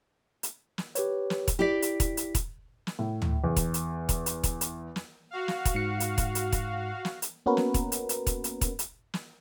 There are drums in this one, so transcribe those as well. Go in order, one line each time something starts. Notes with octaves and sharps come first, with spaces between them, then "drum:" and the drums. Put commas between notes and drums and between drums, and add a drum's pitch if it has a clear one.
drum: hi-hat
drum: snare
G4 B4 C#5, drum: hi-hat
drum: snare
drum: kick E1, hi-hat
E4 G4 D5 B6
drum: hi-hat
drum: kick E1, hi-hat
drum: hi-hat
drum: kick E1, hi-hat
drum: snare
A2
drum: tom
E2
drum: kick E1, hi-hat
drum: hi-hat
drum: kick E1, hi-hat
drum: hi-hat
drum: kick E1, hi-hat
drum: hi-hat
drum: snare
F#4 F5
drum: snare
drum: kick E1, hi-hat
G#2 C#7
drum: hi-hat
drum: kick E1, hi-hat
drum: hi-hat
drum: kick E1, hi-hat
drum: snare
drum: hi-hat
A#3 B3 C#4 F#4 A#4 B4
drum: snare
drum: kick E1, hi-hat
drum: hi-hat
drum: hi-hat
drum: kick E1, hi-hat
drum: hi-hat
drum: kick E1, hi-hat
drum: hi-hat
drum: snare